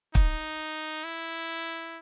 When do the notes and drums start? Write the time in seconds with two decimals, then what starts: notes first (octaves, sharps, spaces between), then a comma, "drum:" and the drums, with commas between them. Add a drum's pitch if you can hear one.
0.15 D#4, drum: kick
1.04 E4